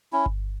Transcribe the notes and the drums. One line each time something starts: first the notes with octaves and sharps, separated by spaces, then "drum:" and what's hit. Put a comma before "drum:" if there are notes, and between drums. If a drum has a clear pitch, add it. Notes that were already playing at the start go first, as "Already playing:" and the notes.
C#4 E4
drum: kick G1